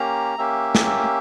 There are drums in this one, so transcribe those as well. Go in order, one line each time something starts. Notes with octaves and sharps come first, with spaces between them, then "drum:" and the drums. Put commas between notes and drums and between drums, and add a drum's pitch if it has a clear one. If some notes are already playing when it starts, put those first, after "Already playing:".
Already playing: A#3 C#4 G4 A#5
A#3 C#4 G4 E5
drum: snare
E5